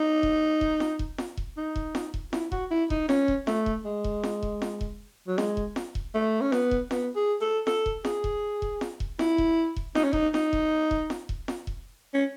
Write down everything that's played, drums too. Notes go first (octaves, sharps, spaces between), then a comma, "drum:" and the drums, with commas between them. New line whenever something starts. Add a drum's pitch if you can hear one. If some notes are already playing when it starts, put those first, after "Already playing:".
Already playing: D#4
drum: kick E1
drum: kick E1
drum: snare
drum: kick E1
drum: snare
drum: kick E1
D#4
drum: kick E1
drum: snare
drum: kick E1
E4, drum: snare
F#4, drum: kick E1
E4
D#4, drum: kick E1
C#4, drum: snare
drum: kick E1
A3, drum: snare
drum: kick E1
G#3
drum: kick E1
drum: snare
drum: kick E1
drum: snare
drum: kick E1
F#3
G#3, drum: snare
drum: kick E1
drum: snare
drum: kick E1
A3
C#4
B3, drum: snare
drum: kick E1
B3, drum: snare
G#4
A4
A4, drum: snare
drum: kick E1
G#4, drum: snare
drum: kick E1
drum: kick E1
drum: snare
drum: kick E1
E4, drum: snare
drum: kick E1
drum: kick E1
D#4, drum: snare
C#4
D#4, drum: kick E1
D#4, drum: snare
drum: kick E1
drum: kick E1
drum: snare
drum: kick E1
drum: snare
drum: kick E1
C#4